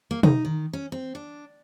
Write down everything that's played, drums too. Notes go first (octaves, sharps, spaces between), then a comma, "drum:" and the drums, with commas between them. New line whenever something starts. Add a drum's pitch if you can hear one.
A#3
D#4, drum: tom
D#3
C#4
C4
D4